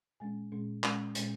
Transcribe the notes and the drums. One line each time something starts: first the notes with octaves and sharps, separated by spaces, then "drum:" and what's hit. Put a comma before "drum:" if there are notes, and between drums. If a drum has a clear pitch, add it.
A#2 G#3 C#4 G#5
A#2 G#3 C#4
A#2 G#3 C#4, drum: clap
A#2 G#3 C#4, drum: hi-hat